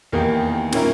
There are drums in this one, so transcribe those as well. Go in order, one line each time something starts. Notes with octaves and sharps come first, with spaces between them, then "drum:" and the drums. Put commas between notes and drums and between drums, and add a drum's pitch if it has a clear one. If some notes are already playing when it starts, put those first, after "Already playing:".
E2 D#3 A#3 D#4 G4
A#2 A#3 C#4 E4 A#4, drum: snare